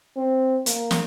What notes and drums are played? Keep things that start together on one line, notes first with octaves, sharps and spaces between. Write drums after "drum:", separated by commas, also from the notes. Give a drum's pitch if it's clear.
C4
A#3, drum: hi-hat
drum: snare